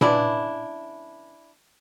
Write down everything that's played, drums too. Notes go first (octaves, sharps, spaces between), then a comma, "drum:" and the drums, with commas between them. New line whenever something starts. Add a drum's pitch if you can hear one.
C#3 E3 G#3 B3 D4 E4, drum: tom A#2